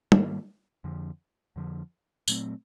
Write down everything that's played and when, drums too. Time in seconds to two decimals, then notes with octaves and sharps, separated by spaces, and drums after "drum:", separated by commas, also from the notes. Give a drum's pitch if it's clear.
0.12 G#2 D#3 G3 A#3, drum: tom
0.84 F2 D3 F3
1.56 F2 D3 F3
2.28 A#2 F#3 A3 C4, drum: tambourine